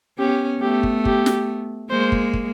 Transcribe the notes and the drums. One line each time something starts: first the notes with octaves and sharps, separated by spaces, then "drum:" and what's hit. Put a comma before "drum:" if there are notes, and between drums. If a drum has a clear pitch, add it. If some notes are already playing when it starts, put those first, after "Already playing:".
B3 C#4 G4
A3 B3 G4
drum: kick
G4, drum: kick
drum: snare
G#3 A#3 C5
drum: kick
drum: kick